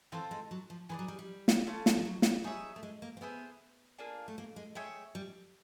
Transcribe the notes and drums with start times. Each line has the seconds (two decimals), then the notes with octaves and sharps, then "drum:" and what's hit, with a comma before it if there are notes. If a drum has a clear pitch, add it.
0.12 E3 C4 F4 A4 C5
0.31 G#3
0.51 F#3
0.70 F3
0.89 E3 G#4 B4 D5
0.99 F#3
1.08 G3
1.19 G3
1.48 drum: snare
1.67 A3 C#4 F4
1.86 drum: snare
1.97 F3
2.05 F#3
2.22 drum: snare
2.44 G3 D#4 G#4 C#5 E5
2.76 A3
2.83 G#3
3.02 A#3
3.17 C4
3.21 B3 E4 G#4 C5
3.98 A#3 D4 F4 G#4
4.28 A3
4.38 A#3
4.56 G#3
4.75 G#3 G#4 C#5 E5 G5
5.15 G3